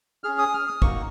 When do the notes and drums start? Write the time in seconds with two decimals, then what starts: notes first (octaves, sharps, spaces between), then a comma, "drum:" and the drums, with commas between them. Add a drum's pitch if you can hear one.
0.24 C#4 G#4 F6
0.39 D#6
0.54 F6
0.67 D#6
0.82 A#3 D#4 F#4 C#6, drum: kick